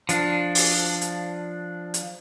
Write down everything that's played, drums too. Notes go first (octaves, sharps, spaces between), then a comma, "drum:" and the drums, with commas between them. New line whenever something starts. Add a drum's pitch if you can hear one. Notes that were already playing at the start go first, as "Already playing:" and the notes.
F3 D4, drum: hi-hat
drum: open hi-hat
drum: hi-hat
drum: hi-hat